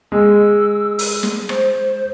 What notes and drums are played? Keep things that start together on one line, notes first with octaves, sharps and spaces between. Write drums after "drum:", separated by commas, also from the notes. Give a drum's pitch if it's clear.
G#3 E6
drum: open hi-hat
drum: snare
C5, drum: rim click